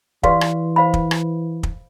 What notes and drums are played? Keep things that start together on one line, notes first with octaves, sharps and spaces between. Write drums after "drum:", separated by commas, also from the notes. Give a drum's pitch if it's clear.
E3 G4 B4 D5 F5 C6, drum: kick
drum: rim click
C5 F5 B5
drum: kick
drum: rim click
drum: kick